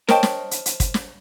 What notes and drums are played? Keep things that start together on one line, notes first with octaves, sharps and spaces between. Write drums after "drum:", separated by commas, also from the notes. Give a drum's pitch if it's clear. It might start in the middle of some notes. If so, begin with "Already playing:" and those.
A#4 C5 C#5 D#5 G5 A5, drum: snare
drum: snare
drum: hi-hat
drum: hi-hat
drum: kick, hi-hat
drum: snare